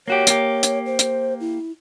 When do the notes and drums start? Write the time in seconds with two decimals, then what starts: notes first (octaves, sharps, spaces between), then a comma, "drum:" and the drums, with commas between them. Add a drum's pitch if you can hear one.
0.08 A#3 F#4 G4 C#5
0.27 A#3 G4, drum: hi-hat
0.63 drum: hi-hat
0.86 C5
0.99 drum: hi-hat
1.40 E4